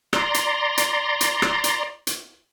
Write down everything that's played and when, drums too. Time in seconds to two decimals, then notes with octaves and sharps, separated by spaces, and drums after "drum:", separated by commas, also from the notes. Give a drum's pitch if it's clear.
0.13 D5 A#5 C6, drum: rim click
0.34 drum: hi-hat
0.77 drum: hi-hat
1.21 drum: hi-hat
1.42 drum: rim click
1.64 drum: hi-hat
2.07 drum: hi-hat